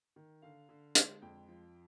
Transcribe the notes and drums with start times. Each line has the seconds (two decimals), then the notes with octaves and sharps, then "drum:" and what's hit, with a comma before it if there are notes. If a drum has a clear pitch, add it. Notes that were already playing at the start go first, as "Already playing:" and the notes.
0.16 D#3
0.42 D3 F5
0.69 D3
0.95 G#3, drum: hi-hat
1.22 F2 G5
1.48 F3